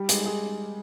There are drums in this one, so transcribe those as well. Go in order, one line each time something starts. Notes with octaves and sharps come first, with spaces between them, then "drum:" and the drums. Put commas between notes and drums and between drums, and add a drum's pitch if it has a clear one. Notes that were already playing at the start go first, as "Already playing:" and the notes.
Already playing: G3 G4
G#3 G#4, drum: hi-hat
G#3 G#4